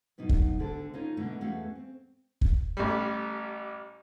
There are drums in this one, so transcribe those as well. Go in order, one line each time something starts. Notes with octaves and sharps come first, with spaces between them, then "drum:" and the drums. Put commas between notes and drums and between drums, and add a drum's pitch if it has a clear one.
G2 B2 F#3 D#4
drum: kick
D2 D3 A4
C#4 D#4 F4
B2 D3 A3 A#3
E2 A3 C#4 F#4 A4 F5
C4
drum: kick
A1 G3